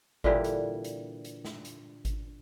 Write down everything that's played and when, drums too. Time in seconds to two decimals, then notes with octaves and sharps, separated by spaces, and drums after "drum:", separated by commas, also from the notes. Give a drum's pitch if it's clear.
0.24 A#2 D3 E3 G3, drum: kick G#1
0.44 drum: hi-hat
0.84 drum: hi-hat
1.25 drum: hi-hat
1.45 drum: snare
1.65 drum: hi-hat
2.05 drum: kick G#1, hi-hat